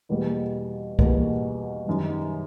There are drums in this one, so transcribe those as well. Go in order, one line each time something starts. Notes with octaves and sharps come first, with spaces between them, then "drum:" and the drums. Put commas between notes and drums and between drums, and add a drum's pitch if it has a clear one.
E2 B2 G3 A#3
E2 B2 G3 A#3, drum: kick C2
F#2 D#3 G3